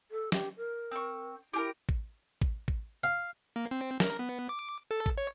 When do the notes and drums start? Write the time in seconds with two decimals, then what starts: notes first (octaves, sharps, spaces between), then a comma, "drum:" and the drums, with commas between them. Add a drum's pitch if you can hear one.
0.11 A4
0.32 G4, drum: snare
0.57 A#4
0.91 C4 C#6
1.53 E4 G4 G#4 A#4
1.89 drum: kick A1
2.42 drum: kick A1
2.68 drum: kick A1
3.04 F5
3.56 A#3
3.71 C4
4.00 A#4, drum: snare
4.19 B3
4.49 D6
4.91 A4
5.06 drum: kick A1
5.18 C#5